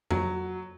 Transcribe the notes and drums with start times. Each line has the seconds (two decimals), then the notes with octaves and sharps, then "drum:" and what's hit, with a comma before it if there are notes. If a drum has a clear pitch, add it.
0.11 F#3, drum: tom F2